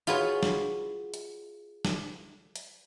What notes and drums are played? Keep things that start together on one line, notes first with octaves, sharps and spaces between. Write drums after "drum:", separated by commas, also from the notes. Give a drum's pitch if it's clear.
F4 F#4 G#4 B4 C#5
drum: snare
drum: hi-hat
drum: snare
drum: hi-hat